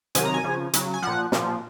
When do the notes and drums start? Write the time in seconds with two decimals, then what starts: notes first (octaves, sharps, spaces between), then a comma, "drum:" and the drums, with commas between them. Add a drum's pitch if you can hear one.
0.15 C3 D#3 F#3 G#5, drum: hi-hat
0.25 A#5
0.34 G#5
0.44 C#3 F3
0.73 C#3 F#3, drum: hi-hat
0.94 G#5
1.02 A#2 F3 F#5
1.32 A#2 F3, drum: snare